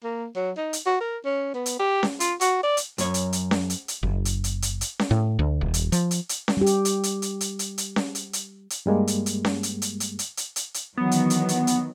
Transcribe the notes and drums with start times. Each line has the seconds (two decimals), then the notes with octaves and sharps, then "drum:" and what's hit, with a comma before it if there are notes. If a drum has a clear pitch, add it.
0.04 A#3
0.36 F#3
0.57 D#4
0.73 drum: hi-hat
0.86 F#4
1.01 A#4
1.25 C#4
1.54 B3
1.66 drum: hi-hat
1.79 G4
2.03 drum: snare C#4
2.20 F4, drum: hi-hat
2.41 F#4, drum: hi-hat
2.63 D5
2.77 drum: hi-hat
2.98 F#2 C#5, drum: hi-hat
3.14 drum: hi-hat
3.33 drum: hi-hat
3.51 drum: snare C#4
3.70 drum: hi-hat
3.88 drum: hi-hat
4.03 F#1
4.25 drum: hi-hat
4.44 drum: hi-hat
4.62 drum: hi-hat
4.81 drum: hi-hat
4.99 drum: snare C#4
5.11 A2
5.39 D2
5.61 D#1
5.74 drum: hi-hat
5.92 F3, drum: hi-hat
6.11 drum: hi-hat
6.29 drum: hi-hat
6.48 drum: snare C#4
6.57 G3 G4
6.66 drum: hi-hat
6.85 drum: hi-hat
7.03 drum: hi-hat
7.22 drum: hi-hat
7.41 drum: hi-hat
7.59 drum: hi-hat
7.78 drum: hi-hat
7.96 drum: snare C#4
8.15 drum: hi-hat
8.33 drum: hi-hat
8.70 drum: hi-hat
8.86 G2 G3 G#3 A#3
9.07 drum: hi-hat
9.26 drum: hi-hat
9.45 drum: snare C#4
9.63 drum: hi-hat
9.82 drum: hi-hat
10.00 drum: hi-hat
10.19 drum: hi-hat
10.37 drum: hi-hat
10.56 drum: hi-hat
10.74 drum: hi-hat
10.97 D#3 E3 F#3 B3
11.11 drum: hi-hat
11.30 drum: hi-hat
11.49 drum: hi-hat
11.67 drum: hi-hat